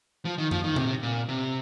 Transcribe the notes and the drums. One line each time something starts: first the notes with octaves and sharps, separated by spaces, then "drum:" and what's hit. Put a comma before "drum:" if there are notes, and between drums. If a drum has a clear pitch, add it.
F3
D#3
F3, drum: tom F#2
D#3
C3, drum: tom A#2
A#2
C3